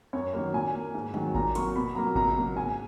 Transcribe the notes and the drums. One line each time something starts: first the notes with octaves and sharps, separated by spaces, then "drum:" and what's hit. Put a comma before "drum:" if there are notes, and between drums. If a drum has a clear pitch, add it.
F#2 C#5
D#3 F#3 A#3 C#5
A#2 G#5
A#3
G#2
D#3 F#3, drum: tom G3
A#2 A#5, drum: kick G#1
F#3 A#3 C#6, drum: hi-hat
B2 B5
F#3 A#3 A#5
C#2 A#5, drum: kick G#1
B2 F#3 A#3
G#2 G#5